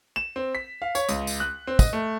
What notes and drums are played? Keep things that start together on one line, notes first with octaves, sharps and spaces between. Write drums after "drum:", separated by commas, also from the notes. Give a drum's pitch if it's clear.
E7
C4
B6
F5
C#5, drum: tambourine
C#2, drum: tambourine
drum: tambourine
F#6
C4
D#5, drum: kick, tambourine
A3